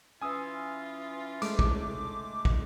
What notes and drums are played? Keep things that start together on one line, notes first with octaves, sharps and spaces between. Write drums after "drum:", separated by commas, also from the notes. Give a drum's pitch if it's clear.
E3 C#4 F4 G#5 D#6 E6
G#3 A3 D6, drum: hi-hat
drum: kick
drum: kick